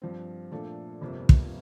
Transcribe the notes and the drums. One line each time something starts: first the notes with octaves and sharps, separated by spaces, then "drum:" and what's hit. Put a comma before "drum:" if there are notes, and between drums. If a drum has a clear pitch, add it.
G2 F3 C4
A#2 F3 A3 D4 A4
G1 F2 C3 G3 A#3
drum: kick